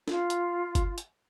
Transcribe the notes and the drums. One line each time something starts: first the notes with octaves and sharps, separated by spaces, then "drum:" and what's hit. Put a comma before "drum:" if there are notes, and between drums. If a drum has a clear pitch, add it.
F4, drum: snare
drum: hi-hat
drum: kick G1, hi-hat
drum: hi-hat